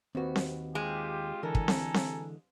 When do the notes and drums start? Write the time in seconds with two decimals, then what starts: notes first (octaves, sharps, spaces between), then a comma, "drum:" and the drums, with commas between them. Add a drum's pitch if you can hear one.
0.15 D#2 C4 F#4 B4
0.36 drum: snare C4
0.75 G#3 F4 G4
1.43 D3 E3 A4 A#4 G#5 A#5
1.55 drum: kick
1.68 drum: snare C4
1.94 drum: snare C4